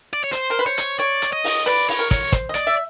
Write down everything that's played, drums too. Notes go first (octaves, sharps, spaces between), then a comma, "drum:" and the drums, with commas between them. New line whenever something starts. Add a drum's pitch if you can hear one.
D5
C#5
C5, drum: hi-hat
A#4
B4
C5 C#5
drum: hi-hat
C#5 D5
drum: hi-hat
D#5
drum: open hi-hat
B4 D5, drum: hi-hat
C#5, drum: open hi-hat
A#4
C#5, drum: kick, hi-hat
C5, drum: kick, hi-hat
D#5
D5, drum: hi-hat
E5